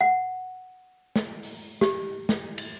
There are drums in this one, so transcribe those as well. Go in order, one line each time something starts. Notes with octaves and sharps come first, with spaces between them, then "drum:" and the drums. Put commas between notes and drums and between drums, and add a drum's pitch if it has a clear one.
F#5
drum: snare
drum: open hi-hat
G4, drum: snare
drum: snare
drum: cymbal